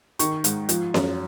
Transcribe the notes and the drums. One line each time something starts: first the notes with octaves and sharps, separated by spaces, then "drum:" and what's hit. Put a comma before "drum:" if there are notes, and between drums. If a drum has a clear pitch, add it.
D#3 C#6, drum: hi-hat
G#2, drum: hi-hat
F3, drum: hi-hat
F#2, drum: snare C#4